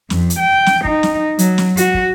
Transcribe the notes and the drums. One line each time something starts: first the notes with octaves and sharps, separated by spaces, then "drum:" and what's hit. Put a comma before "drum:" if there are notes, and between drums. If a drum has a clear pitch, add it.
F2, drum: snare
drum: hi-hat
G5
drum: snare
D#4, drum: kick
drum: snare
F#3, drum: hi-hat
drum: snare
F#4, drum: hi-hat
drum: kick